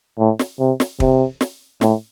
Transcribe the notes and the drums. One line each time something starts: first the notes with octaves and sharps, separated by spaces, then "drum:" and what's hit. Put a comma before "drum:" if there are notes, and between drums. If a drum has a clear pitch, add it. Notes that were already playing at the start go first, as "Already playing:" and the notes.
A2
drum: snare
C3
drum: snare
C3, drum: kick
drum: snare
A2, drum: snare